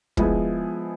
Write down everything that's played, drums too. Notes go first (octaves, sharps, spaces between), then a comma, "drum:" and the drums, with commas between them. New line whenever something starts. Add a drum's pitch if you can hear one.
F3 G#3 B3 E4 G#4, drum: kick